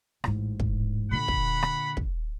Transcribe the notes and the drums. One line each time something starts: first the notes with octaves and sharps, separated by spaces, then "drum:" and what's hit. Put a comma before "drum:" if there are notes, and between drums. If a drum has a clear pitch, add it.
A1 G#2, drum: rim click
drum: kick
A#2 D3 F#5 B5
drum: kick
drum: rim click
drum: kick